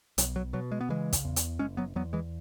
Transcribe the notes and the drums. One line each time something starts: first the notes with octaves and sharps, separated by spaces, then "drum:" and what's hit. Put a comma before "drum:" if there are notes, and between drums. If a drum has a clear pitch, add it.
B1 F#3, drum: hi-hat
F#3
B2 F#3
G#3
B3
C#3 E3 G#3
drum: kick, hi-hat
E2
drum: hi-hat
F#1 G#3 C#4
F#3 B3
E2 F#3 B3
E3 G#3